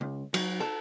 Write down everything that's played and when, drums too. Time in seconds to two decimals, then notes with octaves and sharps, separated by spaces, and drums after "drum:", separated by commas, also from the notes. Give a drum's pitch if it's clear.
0.01 C#2
0.34 F#3, drum: cymbal
0.60 A4